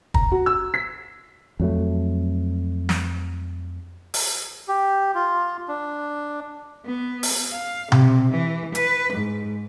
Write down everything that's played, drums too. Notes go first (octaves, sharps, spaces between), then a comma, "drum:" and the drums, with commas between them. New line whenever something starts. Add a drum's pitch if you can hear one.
A#5, drum: kick
F#4
E6
B6
F2 F#3 A3
drum: snare
drum: open hi-hat
G4
F4
D4
B3
drum: open hi-hat
F5
C3, drum: tom B2
E3
B4, drum: hi-hat
G#2